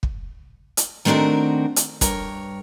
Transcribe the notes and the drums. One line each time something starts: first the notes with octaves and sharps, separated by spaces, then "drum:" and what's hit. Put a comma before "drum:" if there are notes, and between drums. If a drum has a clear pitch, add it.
drum: kick
drum: hi-hat
D#3 A3 C4 D4 F#4 A#4
drum: hi-hat
G2 A#4 C#5, drum: kick, hi-hat